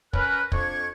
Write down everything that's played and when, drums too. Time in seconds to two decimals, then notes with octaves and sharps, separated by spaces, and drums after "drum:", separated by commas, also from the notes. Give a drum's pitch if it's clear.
0.13 C#4 A#4 B4 F#6, drum: kick
0.52 F2 D4 C#6 G#6, drum: kick